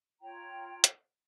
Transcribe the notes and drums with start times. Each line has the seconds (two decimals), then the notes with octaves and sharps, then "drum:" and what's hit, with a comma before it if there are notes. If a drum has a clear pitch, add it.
0.21 F4 C#5 G5 A#5
0.84 drum: hi-hat